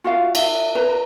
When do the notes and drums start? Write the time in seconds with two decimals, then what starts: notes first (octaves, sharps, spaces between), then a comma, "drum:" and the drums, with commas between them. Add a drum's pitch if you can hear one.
0.04 F4 F#4 E5 F5
0.35 E5, drum: cymbal
0.75 B4 A#5